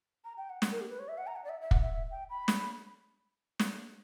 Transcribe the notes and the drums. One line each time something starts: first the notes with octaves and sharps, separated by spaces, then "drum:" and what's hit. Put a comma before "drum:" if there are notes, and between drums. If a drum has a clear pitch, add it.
A#5
G5
F#5
drum: snare
A#4
G4
B4
C#5
E5
F#5
A#5
F#5
D5
E5
E5
F#5, drum: kick
E5
G5
B5
drum: snare
drum: snare